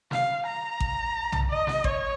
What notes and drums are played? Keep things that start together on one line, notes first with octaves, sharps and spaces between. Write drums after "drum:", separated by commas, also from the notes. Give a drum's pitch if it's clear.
F5, drum: snare
A#5
drum: kick A1
drum: tom B1
D#5
drum: snare
C#5, drum: kick A1